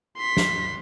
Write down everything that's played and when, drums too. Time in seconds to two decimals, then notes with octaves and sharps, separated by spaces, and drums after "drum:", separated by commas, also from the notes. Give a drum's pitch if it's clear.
0.17 C6 B6
0.37 drum: snare